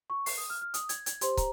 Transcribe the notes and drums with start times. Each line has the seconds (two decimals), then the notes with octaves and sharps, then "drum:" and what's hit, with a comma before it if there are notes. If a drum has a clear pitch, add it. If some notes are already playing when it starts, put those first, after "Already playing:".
0.10 C#6
0.26 C7, drum: open hi-hat
0.37 D#6
0.50 F6
0.61 F6
0.74 D#6, drum: hi-hat
0.89 G#6, drum: hi-hat
1.06 G#6, drum: hi-hat
1.21 G4 C5 C6, drum: hi-hat
1.37 A#5, drum: kick, hi-hat